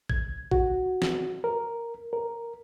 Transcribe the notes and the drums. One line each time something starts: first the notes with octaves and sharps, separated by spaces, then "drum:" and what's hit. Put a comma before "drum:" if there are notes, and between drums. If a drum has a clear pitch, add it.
G#6, drum: kick A1
F#4, drum: kick A1
drum: snare
A#4
A#4